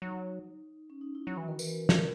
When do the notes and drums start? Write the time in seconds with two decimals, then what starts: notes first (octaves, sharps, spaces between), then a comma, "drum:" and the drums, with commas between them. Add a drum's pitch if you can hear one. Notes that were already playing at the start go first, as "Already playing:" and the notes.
0.02 F#3 D#4
0.90 C#4
1.01 D#4
1.15 E4
1.26 F#3 F#4
1.37 E3
1.48 D#3 A#4
1.59 E3, drum: tambourine
1.69 B4
1.89 A#4, drum: snare